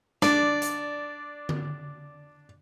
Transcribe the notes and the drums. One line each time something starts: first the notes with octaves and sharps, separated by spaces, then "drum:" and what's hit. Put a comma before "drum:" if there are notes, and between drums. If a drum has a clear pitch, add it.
D4 D5, drum: snare
drum: hi-hat
drum: tom D3